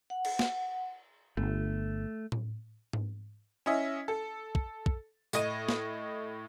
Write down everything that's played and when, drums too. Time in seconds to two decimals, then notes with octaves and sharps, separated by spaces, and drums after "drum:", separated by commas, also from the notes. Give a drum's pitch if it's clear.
0.10 F#5
0.25 drum: cymbal
0.39 drum: snare
1.37 G1 A3
2.32 drum: tom A2
2.93 drum: tom G#2
3.66 C#4 E4 D#5 E5
4.08 A4
4.55 drum: kick
4.86 drum: kick
5.33 A2 D#5 D#7, drum: tambourine
5.69 drum: snare